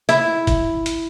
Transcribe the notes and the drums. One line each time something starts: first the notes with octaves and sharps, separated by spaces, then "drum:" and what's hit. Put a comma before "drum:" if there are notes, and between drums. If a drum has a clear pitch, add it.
E4, drum: hi-hat
drum: kick, hi-hat
drum: hi-hat